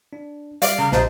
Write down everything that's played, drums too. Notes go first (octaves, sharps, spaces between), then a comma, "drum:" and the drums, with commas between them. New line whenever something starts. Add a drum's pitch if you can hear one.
D4
G3 D5 F5, drum: hi-hat
C#3 A#5
A#1 C3 D#4 C5 A5, drum: snare